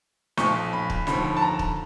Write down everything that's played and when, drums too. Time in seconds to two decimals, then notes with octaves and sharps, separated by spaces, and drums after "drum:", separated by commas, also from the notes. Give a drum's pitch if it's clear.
0.37 B1 A#2 F3 C#6, drum: snare
0.73 B5
0.90 drum: kick
1.07 D#2 D3 F3 B5, drum: snare
1.37 A5
1.42 A#5
1.59 drum: kick